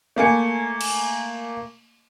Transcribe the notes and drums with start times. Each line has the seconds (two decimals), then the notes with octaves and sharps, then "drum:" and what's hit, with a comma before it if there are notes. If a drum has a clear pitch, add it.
0.16 A3 A#3 G#5 C#7
0.81 drum: cymbal